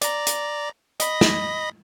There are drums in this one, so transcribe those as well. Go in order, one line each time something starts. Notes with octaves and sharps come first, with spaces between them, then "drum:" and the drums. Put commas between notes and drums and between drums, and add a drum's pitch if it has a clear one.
D5 A#5, drum: hi-hat
drum: hi-hat
D#5 B5 A#6, drum: hi-hat
drum: snare